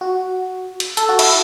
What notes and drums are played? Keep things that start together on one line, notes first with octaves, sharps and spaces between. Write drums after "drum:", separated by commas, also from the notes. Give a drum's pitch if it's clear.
F#4
drum: cymbal
A4, drum: hi-hat
F#4
E4, drum: cymbal